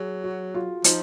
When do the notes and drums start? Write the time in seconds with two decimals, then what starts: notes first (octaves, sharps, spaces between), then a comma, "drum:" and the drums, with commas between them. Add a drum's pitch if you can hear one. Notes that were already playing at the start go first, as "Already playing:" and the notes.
Already playing: F#3 G#4
0.24 F#4
0.54 F4
0.84 F3 D#4, drum: hi-hat